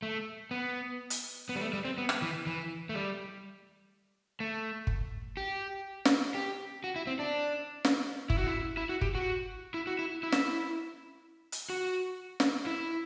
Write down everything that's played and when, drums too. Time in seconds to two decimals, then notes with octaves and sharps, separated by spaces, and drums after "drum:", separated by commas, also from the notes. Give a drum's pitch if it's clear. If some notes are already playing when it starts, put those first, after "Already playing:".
0.02 A3
0.51 B3
1.10 drum: hi-hat
1.49 B3
1.55 G3
1.61 A3
1.73 G3
1.85 C4
1.98 B3
2.09 drum: rim click
2.22 E3
2.46 E3
2.89 A3
2.95 G3
4.40 A3
4.87 drum: kick
5.37 G4
6.05 drum: snare
6.35 G4
6.84 F#4
6.96 E4
7.07 C4
7.19 D4
7.85 drum: snare
8.30 E4, drum: kick
8.38 F#4
8.47 E4
8.77 E4
8.89 F#4
9.01 G4, drum: kick
9.15 F#4
9.74 E4
9.87 F#4
9.99 E4
10.23 E4
10.32 drum: snare
11.52 drum: hi-hat
11.70 F#4
12.40 drum: snare
12.67 E4